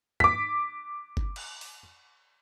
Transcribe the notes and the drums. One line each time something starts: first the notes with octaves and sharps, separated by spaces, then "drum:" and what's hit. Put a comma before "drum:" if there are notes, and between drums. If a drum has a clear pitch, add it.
D6 B6, drum: tom G#2
drum: kick G1
drum: cymbal
drum: open hi-hat